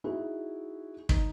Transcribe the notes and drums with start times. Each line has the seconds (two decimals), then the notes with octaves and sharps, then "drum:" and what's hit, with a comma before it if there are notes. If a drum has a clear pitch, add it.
0.04 D#4 E4 F#4 G#4
1.09 D#4, drum: kick